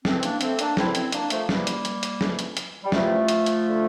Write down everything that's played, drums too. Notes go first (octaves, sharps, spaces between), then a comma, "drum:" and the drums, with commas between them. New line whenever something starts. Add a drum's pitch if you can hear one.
E2 E3 A3 C4, drum: snare
C4
A#3 D4, drum: hi-hat
A3 C4, drum: hi-hat
A#3 D4, drum: hi-hat
E2 D3 C4 E4, drum: snare
C4 E4, drum: hi-hat
A#3 D4, drum: hi-hat
F3 A3, drum: hi-hat
E2 C3 E3 G3 A#3, drum: snare
drum: hi-hat
drum: hi-hat
drum: hi-hat
F2 E3, drum: snare
drum: hi-hat
drum: hi-hat
G3
E2 C3 E3 F3 A3, drum: snare
drum: hi-hat
drum: hi-hat
D3